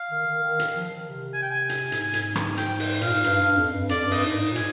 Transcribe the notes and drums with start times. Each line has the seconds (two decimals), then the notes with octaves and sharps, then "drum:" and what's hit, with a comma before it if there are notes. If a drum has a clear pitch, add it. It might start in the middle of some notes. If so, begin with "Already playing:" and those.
Already playing: F5
0.10 D#3
0.26 D#3
0.43 D#3
0.59 drum: hi-hat
0.76 F3
0.89 F3
0.92 D#3
1.09 C3
1.33 G#5
1.42 G5
1.51 G#5
1.69 drum: hi-hat
1.92 G#2, drum: hi-hat
2.13 drum: hi-hat
2.36 drum: rim click
2.57 G5, drum: hi-hat
2.80 drum: open hi-hat
3.01 A#2 F5, drum: hi-hat
3.13 G#2
3.24 G2, drum: hi-hat
3.41 G2
3.56 F2
3.73 G2
3.89 F2 D5, drum: hi-hat
4.06 G2
4.11 D#5, drum: open hi-hat
4.23 G#2
4.39 G#2
4.51 A#2
4.56 G#5, drum: hi-hat